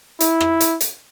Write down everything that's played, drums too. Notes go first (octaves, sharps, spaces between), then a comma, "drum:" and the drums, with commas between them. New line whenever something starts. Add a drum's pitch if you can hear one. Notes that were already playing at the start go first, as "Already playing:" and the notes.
E4, drum: hi-hat
drum: rim click
drum: hi-hat
drum: hi-hat